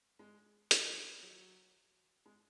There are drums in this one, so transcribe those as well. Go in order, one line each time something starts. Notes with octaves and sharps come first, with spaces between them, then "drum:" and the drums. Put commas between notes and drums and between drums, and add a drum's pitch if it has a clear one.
G#3
F#3, drum: hi-hat
F3
F#3
G#3